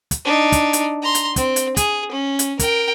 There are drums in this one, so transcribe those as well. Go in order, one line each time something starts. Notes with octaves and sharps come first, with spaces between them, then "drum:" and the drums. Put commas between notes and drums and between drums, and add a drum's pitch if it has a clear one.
drum: kick, hi-hat
D4 D#4
drum: kick, hi-hat
drum: hi-hat
A#5 C6
drum: hi-hat
C4, drum: kick, hi-hat
drum: hi-hat
G#4, drum: kick, hi-hat
C#4
drum: hi-hat
A#4 G5, drum: kick, hi-hat